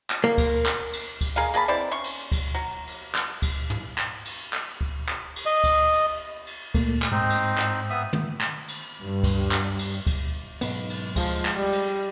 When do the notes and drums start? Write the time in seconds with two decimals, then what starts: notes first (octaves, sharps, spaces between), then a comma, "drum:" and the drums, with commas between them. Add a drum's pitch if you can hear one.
0.10 drum: clap
0.24 A#3
0.38 drum: kick D2, cymbal
0.66 drum: clap
0.93 drum: cymbal
1.21 drum: kick D2, cymbal
1.36 G#4 A#4 D#5 F5
1.54 A#3 G#4 A5 B5
1.68 B2 C4 E4 D5
1.91 C#4 C6 C#6
2.04 drum: cymbal
2.32 drum: kick D2, cymbal
2.54 F#3
2.87 drum: cymbal
3.15 drum: clap
3.42 drum: kick D2, cymbal
3.70 drum: tom
3.98 drum: clap
4.25 drum: cymbal
4.53 drum: clap
4.81 drum: kick D2
5.08 drum: clap
5.36 drum: cymbal
5.46 D#5
5.64 drum: kick D2, cymbal
5.91 drum: cymbal
6.47 drum: cymbal
6.74 A#2 A3 A#3, drum: kick D2, cymbal
7.02 drum: clap
7.12 G#2 C4 D#4
7.30 drum: cymbal
7.57 drum: clap
7.90 B3 E5 D#6
8.13 drum: tom
8.41 drum: clap
8.68 drum: cymbal
9.02 G2
9.24 drum: kick D2, cymbal
9.51 drum: clap
9.79 drum: cymbal
10.07 drum: kick D2, cymbal
10.61 B1 G#2 B3, drum: cymbal
10.90 drum: cymbal
11.16 F3 G#3, drum: kick D2, cymbal
11.45 drum: clap
11.55 G3
11.73 drum: cymbal